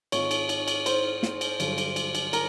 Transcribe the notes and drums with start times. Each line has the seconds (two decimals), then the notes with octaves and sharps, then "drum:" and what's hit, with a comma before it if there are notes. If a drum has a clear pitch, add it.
0.12 G#2 D#3 G#3 C4 F4 C#5, drum: cymbal
0.31 drum: cymbal
0.49 drum: cymbal
0.68 drum: cymbal
0.86 C5, drum: cymbal
1.23 drum: snare
1.41 drum: cymbal
1.60 G2 D3 F#3, drum: cymbal
1.78 drum: cymbal
1.96 drum: cymbal
2.15 drum: cymbal
2.33 A#4, drum: cymbal